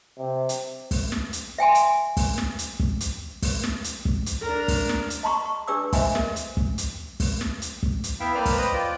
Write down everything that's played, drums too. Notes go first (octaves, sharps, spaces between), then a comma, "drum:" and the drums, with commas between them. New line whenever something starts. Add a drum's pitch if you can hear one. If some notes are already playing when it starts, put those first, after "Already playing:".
C3
drum: hi-hat
drum: kick, open hi-hat
drum: snare
drum: hi-hat
E5 G5 G#5 C6
drum: hi-hat
drum: kick, open hi-hat
drum: snare
drum: hi-hat
drum: kick
drum: hi-hat
drum: kick, open hi-hat
drum: snare
drum: hi-hat
drum: kick
drum: hi-hat
D4 A#4
drum: kick, open hi-hat
drum: snare
drum: hi-hat
D#5 A5 A#5 C6 C#6
C#6
D4 G4 B4 D5 D6 E6
C5 D#5 E5 G#5 C6, drum: kick, open hi-hat
A#4, drum: snare
drum: hi-hat
drum: kick
drum: hi-hat
drum: kick, open hi-hat
drum: snare
drum: hi-hat
drum: kick
drum: hi-hat
B3 E4 E5 F5 G5
A#3 C4 B4 C5 D5 F6
drum: kick, open hi-hat
B4 C5 D#5
F4 D5 G5